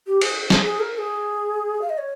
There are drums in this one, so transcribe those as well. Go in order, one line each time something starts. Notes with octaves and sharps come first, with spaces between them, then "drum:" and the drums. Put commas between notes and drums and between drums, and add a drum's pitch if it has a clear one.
G4
G#4, drum: cymbal
G#4, drum: snare
G#4
A#4
A#4
G#4
F5
D#5
C#5